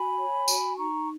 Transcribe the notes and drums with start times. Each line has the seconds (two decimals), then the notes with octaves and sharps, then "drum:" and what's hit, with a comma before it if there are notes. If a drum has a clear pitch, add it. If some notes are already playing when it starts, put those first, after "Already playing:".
Already playing: F#4 G#5 B5
0.19 C#5
0.48 F#4, drum: tambourine
0.77 D#4 A#5 C#6